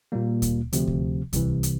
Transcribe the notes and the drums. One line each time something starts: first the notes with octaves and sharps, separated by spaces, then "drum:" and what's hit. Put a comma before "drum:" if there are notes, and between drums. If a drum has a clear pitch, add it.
A#2 G3 A#3
drum: kick D2, hi-hat
D2 C3 F3, drum: hi-hat
drum: kick D2
C2 C3 E3, drum: kick D2, hi-hat
drum: hi-hat